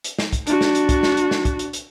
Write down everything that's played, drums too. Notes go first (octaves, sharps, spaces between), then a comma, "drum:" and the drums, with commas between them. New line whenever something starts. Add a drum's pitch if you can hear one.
drum: hi-hat
drum: snare
drum: kick, hi-hat
D4 F#4, drum: hi-hat
drum: snare
drum: hi-hat
drum: kick, hi-hat
drum: snare
drum: hi-hat
drum: snare
drum: kick, hi-hat
drum: hi-hat
drum: hi-hat